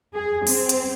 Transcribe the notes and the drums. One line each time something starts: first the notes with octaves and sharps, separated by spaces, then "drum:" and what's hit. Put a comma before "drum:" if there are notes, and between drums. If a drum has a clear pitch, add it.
G#4
C4, drum: open hi-hat
drum: hi-hat